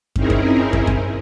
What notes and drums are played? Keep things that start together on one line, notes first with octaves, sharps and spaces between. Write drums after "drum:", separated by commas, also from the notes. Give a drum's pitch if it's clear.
C4 C#4 D#4 E4 G#4 A#4, drum: kick
drum: kick
drum: kick
drum: kick